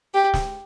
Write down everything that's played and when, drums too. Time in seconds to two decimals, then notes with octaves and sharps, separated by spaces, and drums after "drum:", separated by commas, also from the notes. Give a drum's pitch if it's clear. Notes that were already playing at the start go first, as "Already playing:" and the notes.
0.14 G4
0.34 drum: snare